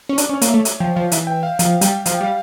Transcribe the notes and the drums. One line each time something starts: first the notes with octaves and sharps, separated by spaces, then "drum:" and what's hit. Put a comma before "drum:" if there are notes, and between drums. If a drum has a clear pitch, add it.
C#4
D4 D5, drum: hi-hat
C#4
C#5
A#3, drum: hi-hat
A3 E5
drum: hi-hat
F3 G5
F3 F5
E3 E5, drum: hi-hat
G5
F5
F3 F5, drum: hi-hat
G3 G5, drum: hi-hat
F3 F5, drum: hi-hat
G5
G3 F5